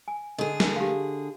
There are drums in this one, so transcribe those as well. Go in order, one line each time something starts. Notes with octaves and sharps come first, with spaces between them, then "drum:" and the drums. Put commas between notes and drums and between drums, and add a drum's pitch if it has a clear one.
G#5
D3 G#4 A4 D#5
drum: snare
G4 F5